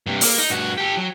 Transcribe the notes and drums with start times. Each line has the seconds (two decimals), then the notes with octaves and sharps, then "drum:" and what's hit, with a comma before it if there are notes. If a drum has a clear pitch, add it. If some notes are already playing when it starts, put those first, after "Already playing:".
0.06 G2 C3
0.21 A#3, drum: open hi-hat
0.38 D#4
0.50 G2 F#4
0.78 G4 A4
0.97 F#3